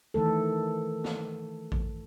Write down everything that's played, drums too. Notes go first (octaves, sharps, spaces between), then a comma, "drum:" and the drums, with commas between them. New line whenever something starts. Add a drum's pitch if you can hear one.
D#3 E3 A3 A4
drum: snare
drum: kick A1